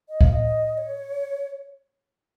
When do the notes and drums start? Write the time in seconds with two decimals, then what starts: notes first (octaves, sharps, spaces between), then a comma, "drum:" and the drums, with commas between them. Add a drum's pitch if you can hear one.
0.09 D#5
0.21 F5, drum: kick
0.32 D#5
0.78 C#5